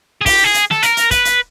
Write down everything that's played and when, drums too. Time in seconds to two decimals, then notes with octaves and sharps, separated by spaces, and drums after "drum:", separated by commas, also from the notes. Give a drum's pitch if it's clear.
0.21 G#4
0.26 G4, drum: kick, open hi-hat
0.44 G#4
0.54 drum: hi-hat
0.71 A4, drum: snare
0.83 A#4, drum: hi-hat
0.97 drum: hi-hat
1.11 B4, drum: kick, hi-hat
1.25 drum: hi-hat